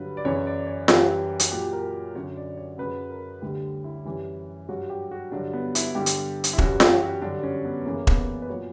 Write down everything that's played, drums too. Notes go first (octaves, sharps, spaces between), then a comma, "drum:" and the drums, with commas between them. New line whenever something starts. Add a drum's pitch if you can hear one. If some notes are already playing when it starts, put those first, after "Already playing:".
Already playing: G2 D3 F#3 B4
D5
F#2 C#3 E3 C#5
D5
C#5
F#2 E3 G3 G4, drum: snare F4
F#4, drum: hi-hat
A#2 F#3 G4
A#4
F#2 D3 F#3 C#5
D5
C#5
F#2 C#3 F#3 B4
A#4
D2 D3 G3 G4
E4
F#2 E3 G3
G2 F#3 F#4
G4
F#4
G2 D3 F#3 D4
B3
E4, drum: hi-hat
G2 D3 G3 G4
drum: hi-hat
drum: hi-hat
E4
F#2 E3 G3 F#4, drum: kick E1
G4, drum: snare F4
F#4
G2 D3 F#3 D4
C#4
B3
F#2 C#3 E3 A#3
B3, drum: kick E1
B4
A#2 F#3 C#5